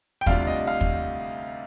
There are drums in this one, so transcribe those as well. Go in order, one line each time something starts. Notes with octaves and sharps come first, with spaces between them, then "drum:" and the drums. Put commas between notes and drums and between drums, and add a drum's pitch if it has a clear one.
G5
D2 C3 G3 D4 F4 F5, drum: kick
D#5
F5
drum: kick